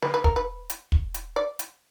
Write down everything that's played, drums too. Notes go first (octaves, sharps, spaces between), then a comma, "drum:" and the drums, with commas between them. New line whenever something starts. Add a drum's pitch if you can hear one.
B4, drum: snare
B4
A#4, drum: kick
B4
drum: hi-hat
drum: kick
drum: hi-hat
D5
drum: hi-hat